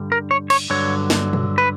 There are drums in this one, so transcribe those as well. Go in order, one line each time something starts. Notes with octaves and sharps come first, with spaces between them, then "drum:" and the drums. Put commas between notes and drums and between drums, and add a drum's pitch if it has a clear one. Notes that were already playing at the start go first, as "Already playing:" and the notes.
Already playing: G2 D3 G3
A#4
C#5
C#5, drum: cymbal
G2 D3 F#3 C#5
drum: snare
drum: tom A#2
B4